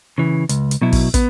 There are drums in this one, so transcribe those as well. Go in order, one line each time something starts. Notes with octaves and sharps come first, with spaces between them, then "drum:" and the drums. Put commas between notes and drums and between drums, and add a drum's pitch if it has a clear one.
C#3 E3
C#2, drum: hi-hat
drum: hi-hat
B2 F#3 E4
drum: kick, open hi-hat
B3, drum: kick, hi-hat